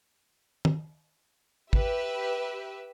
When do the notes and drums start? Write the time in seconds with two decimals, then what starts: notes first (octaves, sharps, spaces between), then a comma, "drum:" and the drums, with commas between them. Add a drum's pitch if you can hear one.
0.65 drum: tom
1.73 G4 B4 E5, drum: kick